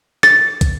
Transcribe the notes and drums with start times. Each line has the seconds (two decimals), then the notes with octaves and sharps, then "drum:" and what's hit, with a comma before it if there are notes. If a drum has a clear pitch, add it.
0.23 A6, drum: rim click
0.61 drum: kick, hi-hat